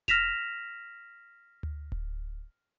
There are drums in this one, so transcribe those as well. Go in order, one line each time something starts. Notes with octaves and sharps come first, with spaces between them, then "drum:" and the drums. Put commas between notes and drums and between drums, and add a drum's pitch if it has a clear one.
F6 A#6 B6 E7 F7, drum: snare F1
drum: tom D2
drum: kick D1